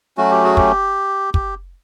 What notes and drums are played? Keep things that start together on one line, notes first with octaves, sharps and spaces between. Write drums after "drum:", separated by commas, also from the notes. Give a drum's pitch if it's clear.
F#3 A3 C#4 F#4
G4
F#4 G#4
G4, drum: kick
G4, drum: kick